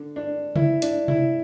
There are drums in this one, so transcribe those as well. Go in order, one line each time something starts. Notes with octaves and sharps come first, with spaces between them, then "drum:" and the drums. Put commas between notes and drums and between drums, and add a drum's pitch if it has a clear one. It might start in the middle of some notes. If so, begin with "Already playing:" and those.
Already playing: D3
D4
E4, drum: tom C#3
D4, drum: hi-hat
E4, drum: tom C3